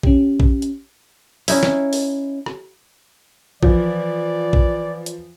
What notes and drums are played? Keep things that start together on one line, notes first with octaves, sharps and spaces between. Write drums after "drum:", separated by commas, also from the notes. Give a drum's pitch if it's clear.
C#4 G4, drum: kick A1
drum: kick A1
drum: hi-hat
C#4 D#4 E4, drum: open hi-hat
drum: snare
drum: open hi-hat
drum: rim click
E3 F3 D5, drum: kick A1
drum: kick A1
drum: hi-hat